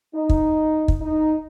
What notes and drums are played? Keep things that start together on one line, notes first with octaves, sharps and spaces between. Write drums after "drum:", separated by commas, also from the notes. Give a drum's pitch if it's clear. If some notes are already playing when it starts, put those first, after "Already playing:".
D#4
drum: kick
drum: kick
D#4